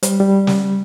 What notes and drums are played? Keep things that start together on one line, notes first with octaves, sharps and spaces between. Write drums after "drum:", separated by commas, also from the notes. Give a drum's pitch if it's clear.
G3, drum: hi-hat
G3
drum: snare